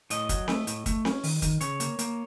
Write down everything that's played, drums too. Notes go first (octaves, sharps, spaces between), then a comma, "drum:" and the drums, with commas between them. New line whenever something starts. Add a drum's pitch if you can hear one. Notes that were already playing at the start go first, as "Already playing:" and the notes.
A2 D#5, drum: hi-hat
F#3, drum: kick, hi-hat
A3, drum: snare C4
A2, drum: hi-hat
A3, drum: kick, hi-hat
C#4, drum: snare C4
D#3, drum: open hi-hat
D#3, drum: kick, hi-hat
C#3 C#5, drum: hi-hat
A#3, drum: hi-hat
A#3, drum: hi-hat